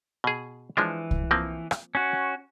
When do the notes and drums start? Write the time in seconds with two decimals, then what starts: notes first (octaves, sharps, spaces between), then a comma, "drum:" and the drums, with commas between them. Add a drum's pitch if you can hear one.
0.24 B2 G#4
0.77 E3 F3 G#3 D4
1.11 drum: kick C2
1.31 F3 A#3 C4
1.71 drum: rim click
1.95 C#4 F#4